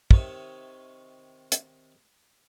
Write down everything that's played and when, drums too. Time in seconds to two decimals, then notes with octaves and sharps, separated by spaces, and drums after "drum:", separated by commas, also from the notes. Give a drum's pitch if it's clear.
0.11 C3 D#3 D#4 C#5 E5, drum: kick
1.52 drum: hi-hat